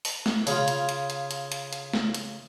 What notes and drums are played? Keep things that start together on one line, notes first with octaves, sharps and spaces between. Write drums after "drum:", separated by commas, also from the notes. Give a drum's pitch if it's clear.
drum: open hi-hat
drum: snare
C#3 F4, drum: open hi-hat
drum: hi-hat
drum: hi-hat
drum: hi-hat
drum: hi-hat
drum: hi-hat
drum: hi-hat
drum: snare
drum: hi-hat